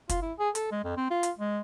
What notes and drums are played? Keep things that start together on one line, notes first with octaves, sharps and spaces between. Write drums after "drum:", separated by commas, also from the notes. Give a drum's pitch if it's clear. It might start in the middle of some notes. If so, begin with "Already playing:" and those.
F4, drum: kick, hi-hat
E4
G#4
A4, drum: hi-hat
G#3
F2
C4
F4
drum: hi-hat
G#3